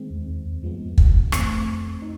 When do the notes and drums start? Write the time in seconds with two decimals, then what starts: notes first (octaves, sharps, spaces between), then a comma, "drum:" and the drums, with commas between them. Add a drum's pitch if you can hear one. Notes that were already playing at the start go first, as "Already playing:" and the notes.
Already playing: D#3 G#3 C4
0.10 E2
0.28 E2
0.45 E2
0.63 F2 F3 G#3 B3
0.74 G2
0.86 F2
0.98 F2, drum: kick
1.32 E3 A3 C4, drum: rim click
2.02 D#4